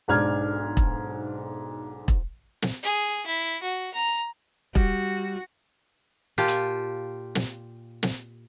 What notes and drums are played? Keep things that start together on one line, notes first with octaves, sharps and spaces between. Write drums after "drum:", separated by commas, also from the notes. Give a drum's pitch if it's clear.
B1 G#2 D4 F6 G#6
drum: kick E1
drum: kick E1
drum: snare
G#4
E4
F#4
A#5
G3 F#4, drum: kick E1
A#2 F4 G4 A5
drum: hi-hat
drum: snare
drum: snare